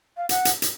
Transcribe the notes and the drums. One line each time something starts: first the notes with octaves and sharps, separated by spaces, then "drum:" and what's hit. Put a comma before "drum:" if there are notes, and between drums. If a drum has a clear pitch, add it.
F5
F#5, drum: hi-hat
drum: hi-hat
drum: hi-hat